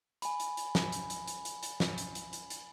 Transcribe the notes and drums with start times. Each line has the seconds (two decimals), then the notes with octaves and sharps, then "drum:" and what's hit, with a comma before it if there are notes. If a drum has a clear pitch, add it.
0.22 G#5 B5, drum: hi-hat
0.40 drum: hi-hat
0.57 drum: hi-hat
0.75 drum: snare
0.92 drum: hi-hat
1.10 drum: hi-hat
1.28 drum: hi-hat
1.45 drum: hi-hat
1.63 drum: hi-hat
1.80 drum: snare
1.98 drum: hi-hat
2.15 drum: hi-hat
2.33 drum: hi-hat
2.50 drum: hi-hat